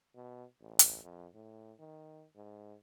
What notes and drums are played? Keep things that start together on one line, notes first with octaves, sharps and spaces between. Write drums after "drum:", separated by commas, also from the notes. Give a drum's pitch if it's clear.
B2
A1
drum: hi-hat
F2
A2
D#3
G#2